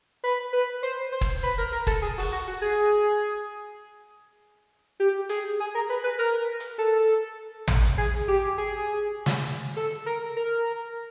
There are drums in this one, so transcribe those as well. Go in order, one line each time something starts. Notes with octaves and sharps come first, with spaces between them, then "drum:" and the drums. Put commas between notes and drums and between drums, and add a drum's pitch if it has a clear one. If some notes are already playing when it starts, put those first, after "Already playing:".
B4
B4
C5
C5
drum: kick
B4
A#4
A#4
A4, drum: kick
G#4
F#4, drum: open hi-hat
F#4
F#4
G#4
G4
G#4, drum: hi-hat
G#4
A#4
B4
B4
A#4
drum: hi-hat
A4
drum: tom
G#4
G4
G#4
drum: snare
A4
A#4
A#4